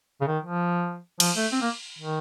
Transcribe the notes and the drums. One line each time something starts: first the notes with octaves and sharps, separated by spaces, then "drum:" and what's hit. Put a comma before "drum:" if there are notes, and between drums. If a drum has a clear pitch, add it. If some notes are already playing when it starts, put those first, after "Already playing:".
C#3
D#3
F3
F3, drum: cymbal
A3
C4
A#3
D#3